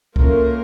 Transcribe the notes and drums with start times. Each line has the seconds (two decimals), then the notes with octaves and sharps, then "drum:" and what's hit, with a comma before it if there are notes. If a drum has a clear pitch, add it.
0.16 A3 A#3 C#4 F4 A#4, drum: kick C2